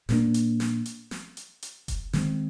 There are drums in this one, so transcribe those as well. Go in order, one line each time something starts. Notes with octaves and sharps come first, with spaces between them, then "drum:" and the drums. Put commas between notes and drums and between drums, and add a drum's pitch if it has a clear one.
A#2 G3 A#3 D4, drum: snare
drum: hi-hat
drum: snare
drum: hi-hat
drum: snare
drum: hi-hat
drum: hi-hat
drum: kick F1, hi-hat
D#3 G#3 C4, drum: snare